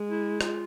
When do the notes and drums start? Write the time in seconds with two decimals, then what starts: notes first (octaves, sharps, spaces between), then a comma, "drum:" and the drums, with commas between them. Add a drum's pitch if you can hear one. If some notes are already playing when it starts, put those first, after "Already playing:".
Already playing: G#3
0.11 E4
0.41 F4, drum: rim click